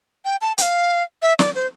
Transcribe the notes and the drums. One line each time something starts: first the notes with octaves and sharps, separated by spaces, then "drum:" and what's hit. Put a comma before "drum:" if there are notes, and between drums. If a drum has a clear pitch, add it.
G5
A5
G5, drum: hi-hat
F5
E5
D5, drum: snare
C5